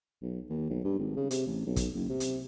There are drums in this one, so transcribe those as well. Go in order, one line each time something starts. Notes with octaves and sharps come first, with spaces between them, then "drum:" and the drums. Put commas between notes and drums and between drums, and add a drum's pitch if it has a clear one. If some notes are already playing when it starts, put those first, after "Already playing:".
B1
D#2
B1
G2
G#1
C#3
C3, drum: hi-hat
A1
B1
drum: kick, hi-hat
F#1
C3
drum: hi-hat